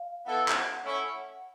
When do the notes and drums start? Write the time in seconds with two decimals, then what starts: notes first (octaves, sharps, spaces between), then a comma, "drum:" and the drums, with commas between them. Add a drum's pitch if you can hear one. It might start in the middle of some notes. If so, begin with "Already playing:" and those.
Already playing: F5
0.26 B3 E4 A4 F#5
0.48 drum: clap
0.83 A3 C#4 E4